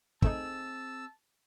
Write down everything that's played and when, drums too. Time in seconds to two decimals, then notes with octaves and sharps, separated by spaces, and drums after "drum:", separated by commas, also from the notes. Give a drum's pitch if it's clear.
0.22 D#3 A3 C4 D#4 G#4 A5 E6, drum: kick